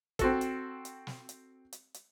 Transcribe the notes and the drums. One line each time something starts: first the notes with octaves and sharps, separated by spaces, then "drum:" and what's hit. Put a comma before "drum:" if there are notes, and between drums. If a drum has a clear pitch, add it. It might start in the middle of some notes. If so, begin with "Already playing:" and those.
C4 F#4 A4, drum: kick, hi-hat
drum: hi-hat
drum: hi-hat
drum: snare
drum: hi-hat
drum: hi-hat
drum: hi-hat